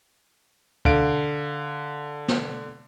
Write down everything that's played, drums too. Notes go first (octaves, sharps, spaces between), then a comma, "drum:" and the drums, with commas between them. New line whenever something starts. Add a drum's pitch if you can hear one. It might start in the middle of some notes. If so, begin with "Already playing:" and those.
D3 F5 D7, drum: kick
drum: snare